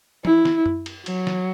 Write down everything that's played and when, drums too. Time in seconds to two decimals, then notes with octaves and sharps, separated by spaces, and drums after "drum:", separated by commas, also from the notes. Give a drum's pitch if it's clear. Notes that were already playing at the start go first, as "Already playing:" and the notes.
0.25 E4, drum: tom E3
0.45 drum: snare
0.66 drum: tom F#2
0.86 drum: cymbal
1.06 F#3, drum: cymbal
1.27 drum: snare